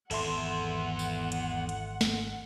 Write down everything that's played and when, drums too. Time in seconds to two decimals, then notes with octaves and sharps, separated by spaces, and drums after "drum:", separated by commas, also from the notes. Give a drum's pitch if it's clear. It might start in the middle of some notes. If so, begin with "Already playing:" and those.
0.11 G#1 E2 E3 E4 A4 E5 F#5 C6, drum: cymbal
0.99 drum: tambourine
1.32 drum: hi-hat
1.69 drum: hi-hat
2.01 drum: snare